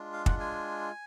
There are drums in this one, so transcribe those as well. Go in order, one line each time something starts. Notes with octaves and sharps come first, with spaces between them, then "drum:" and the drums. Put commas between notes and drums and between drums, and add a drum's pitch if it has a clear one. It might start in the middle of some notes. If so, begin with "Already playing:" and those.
Already playing: G#3 D4 F4
F5
F#5, drum: kick
G#5